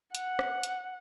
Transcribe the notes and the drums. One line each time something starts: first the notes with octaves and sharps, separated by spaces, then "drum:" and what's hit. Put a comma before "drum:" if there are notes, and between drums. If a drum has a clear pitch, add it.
F#5, drum: hi-hat
drum: rim click
drum: hi-hat